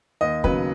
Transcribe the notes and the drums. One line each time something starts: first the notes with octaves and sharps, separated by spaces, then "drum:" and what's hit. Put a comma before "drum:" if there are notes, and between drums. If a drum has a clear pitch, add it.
D#2 D#5
C#3 F#3 B3 B4, drum: kick